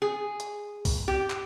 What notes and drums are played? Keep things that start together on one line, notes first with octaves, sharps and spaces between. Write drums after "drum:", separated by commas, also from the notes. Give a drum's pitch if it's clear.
G#4
drum: hi-hat
drum: kick B1, open hi-hat
G4
drum: clap